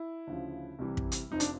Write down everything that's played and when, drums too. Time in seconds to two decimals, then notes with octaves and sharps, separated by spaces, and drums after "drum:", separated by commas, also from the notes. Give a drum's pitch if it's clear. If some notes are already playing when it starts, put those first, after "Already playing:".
Already playing: E4
0.27 D2 C#3 F3
0.79 C2 C3 E3 G3
0.97 drum: kick
1.12 drum: hi-hat
1.31 F1 F2 C3 D#4
1.40 D4, drum: hi-hat